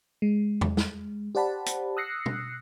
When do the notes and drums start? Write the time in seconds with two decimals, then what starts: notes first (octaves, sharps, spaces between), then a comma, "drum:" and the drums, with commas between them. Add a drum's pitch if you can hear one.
0.22 G#3
0.61 drum: tom E2
0.77 drum: snare
1.35 G4 C5 D5 F#5 A5 B5
1.66 drum: hi-hat
1.97 D#6 E6 F#6 A#6 C7 C#7
2.26 drum: tom